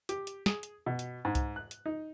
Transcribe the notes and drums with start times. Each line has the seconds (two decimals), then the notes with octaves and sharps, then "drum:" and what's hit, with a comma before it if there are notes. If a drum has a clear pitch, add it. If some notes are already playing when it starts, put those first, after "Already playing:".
0.09 G4, drum: hi-hat
0.27 drum: hi-hat
0.46 G#4, drum: snare
0.63 drum: hi-hat
0.86 B2
0.99 drum: hi-hat
1.25 G#2
1.35 drum: kick C2, hi-hat
1.56 F#6
1.71 drum: hi-hat
1.86 D#4